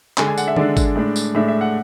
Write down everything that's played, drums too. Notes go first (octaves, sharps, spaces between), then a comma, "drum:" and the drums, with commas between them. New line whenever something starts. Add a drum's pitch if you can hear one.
D3 G#3 D4 G#5, drum: clap
G#5
F#5, drum: tambourine
E5
D3 G#3 D4 D5, drum: tom D#3
drum: kick, tambourine
A2 G#3 D4
drum: tambourine
A2 G#3 D4 E5
E5
F#5